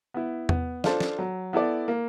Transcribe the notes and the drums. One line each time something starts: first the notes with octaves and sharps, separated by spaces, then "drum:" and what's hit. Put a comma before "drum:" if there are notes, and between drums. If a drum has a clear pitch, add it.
B3 E4
B3, drum: tom E2
D4 F4 A4 C5, drum: snare
drum: snare
F#3
B3 E4 A4 D5
A#3